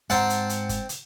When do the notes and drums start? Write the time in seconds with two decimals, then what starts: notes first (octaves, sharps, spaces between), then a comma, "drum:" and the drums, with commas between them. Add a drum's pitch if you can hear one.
0.10 G#2 C4 F#5 A5 A#5, drum: hi-hat
0.30 drum: hi-hat
0.49 drum: hi-hat
0.69 drum: kick G1, hi-hat
0.89 drum: hi-hat